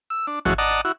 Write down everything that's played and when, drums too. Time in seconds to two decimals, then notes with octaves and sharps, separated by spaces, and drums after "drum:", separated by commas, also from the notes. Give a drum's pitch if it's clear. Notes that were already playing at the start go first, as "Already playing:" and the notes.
0.10 E6
0.27 D4
0.45 F#2 E3 G#3 C#4 F#4 A4, drum: kick G#1
0.58 D5 D#5 F#5 A5 A#5
0.85 E4 F#4